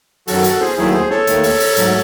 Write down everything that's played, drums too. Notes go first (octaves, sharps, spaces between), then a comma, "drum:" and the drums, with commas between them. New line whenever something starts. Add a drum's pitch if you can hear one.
F#2 D#3 F#3 F#4 A4, drum: open hi-hat
F#4 A4, drum: hi-hat
G#4 C5, drum: snare
D#2 D#3 F#3 A3 E4 G#4
G#4 C5
A4 C#5, drum: snare
D#2 D#3 A3, drum: hi-hat
drum: open hi-hat
drum: open hi-hat
G#2 F#3 A3, drum: hi-hat